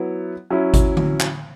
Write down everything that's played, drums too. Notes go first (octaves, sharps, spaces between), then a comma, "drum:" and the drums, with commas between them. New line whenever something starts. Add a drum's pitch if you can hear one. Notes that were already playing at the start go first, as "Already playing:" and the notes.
Already playing: F#3 B3 E4
F#3 C#4 E4
drum: kick G#1, hi-hat
drum: tom D3
drum: clap